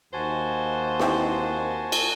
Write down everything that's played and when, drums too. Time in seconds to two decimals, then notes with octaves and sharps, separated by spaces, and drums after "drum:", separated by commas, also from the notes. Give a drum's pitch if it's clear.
0.13 D#2 F#4 C5 G#5 A5
1.00 E3 C4 G4, drum: snare
1.92 drum: cymbal